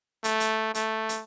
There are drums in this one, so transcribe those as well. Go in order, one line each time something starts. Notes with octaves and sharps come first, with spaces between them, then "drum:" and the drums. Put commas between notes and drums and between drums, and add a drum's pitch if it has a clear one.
A3, drum: hi-hat
drum: hi-hat
A3, drum: hi-hat
drum: hi-hat